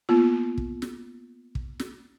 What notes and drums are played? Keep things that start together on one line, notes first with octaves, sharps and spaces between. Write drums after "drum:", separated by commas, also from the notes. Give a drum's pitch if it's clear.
A#3 B3 F4
drum: kick
drum: snare
drum: kick
drum: snare